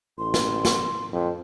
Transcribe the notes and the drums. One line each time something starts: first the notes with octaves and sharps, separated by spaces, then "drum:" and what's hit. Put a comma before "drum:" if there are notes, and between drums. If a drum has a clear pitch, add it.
A1 C6
drum: snare
drum: snare
F2